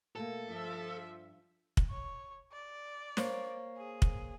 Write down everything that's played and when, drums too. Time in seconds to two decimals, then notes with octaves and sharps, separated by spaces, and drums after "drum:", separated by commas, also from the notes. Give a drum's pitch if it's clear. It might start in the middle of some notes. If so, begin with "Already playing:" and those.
0.16 B2 A3 A#3 A4
0.49 G2 F3 E5
1.77 drum: kick
1.90 C#5
2.52 D5
3.17 A#3 C5 C#5, drum: snare
3.77 G#4
4.02 drum: kick